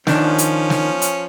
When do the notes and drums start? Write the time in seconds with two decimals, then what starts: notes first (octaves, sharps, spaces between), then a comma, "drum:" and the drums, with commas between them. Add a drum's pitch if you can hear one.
0.07 D#3 F3 C#4 D4, drum: snare
0.38 drum: hi-hat
0.70 drum: snare
1.02 drum: hi-hat